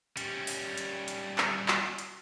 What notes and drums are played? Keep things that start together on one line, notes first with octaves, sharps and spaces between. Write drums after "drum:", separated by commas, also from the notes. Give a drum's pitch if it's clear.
G3 C#4, drum: hi-hat
drum: open hi-hat
drum: hi-hat
drum: hi-hat
drum: clap
drum: clap
drum: hi-hat